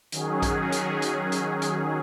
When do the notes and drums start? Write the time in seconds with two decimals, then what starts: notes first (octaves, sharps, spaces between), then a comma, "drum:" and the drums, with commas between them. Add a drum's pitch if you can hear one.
0.12 D#3 F#3 C#4 G#4, drum: hi-hat
0.42 drum: kick A#1, hi-hat
0.72 drum: hi-hat
1.02 drum: hi-hat
1.32 drum: hi-hat
1.62 drum: hi-hat